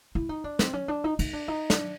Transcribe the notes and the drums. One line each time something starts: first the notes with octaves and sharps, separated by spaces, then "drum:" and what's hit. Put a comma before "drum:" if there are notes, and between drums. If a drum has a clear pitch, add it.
E4
D#4
D4
C4, drum: snare
C#4
D4
D#4
D#4, drum: cymbal
D4
D#4
D4, drum: snare